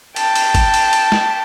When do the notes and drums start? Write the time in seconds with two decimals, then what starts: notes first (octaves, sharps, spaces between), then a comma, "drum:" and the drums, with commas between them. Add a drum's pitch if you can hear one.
0.16 G5 A5, drum: cymbal
0.35 drum: cymbal
0.55 drum: kick, cymbal
0.74 drum: cymbal
0.93 drum: cymbal
1.12 drum: snare